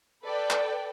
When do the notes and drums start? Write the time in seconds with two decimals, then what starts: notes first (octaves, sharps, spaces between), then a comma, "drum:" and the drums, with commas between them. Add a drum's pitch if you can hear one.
0.24 A4 B4 D5 G5
0.50 drum: clap